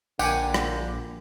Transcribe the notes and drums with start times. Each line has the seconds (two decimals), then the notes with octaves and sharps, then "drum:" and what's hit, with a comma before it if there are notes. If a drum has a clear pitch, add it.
0.19 A#1 D3 A#3 G4 F#5 G#5, drum: tambourine
0.54 drum: rim click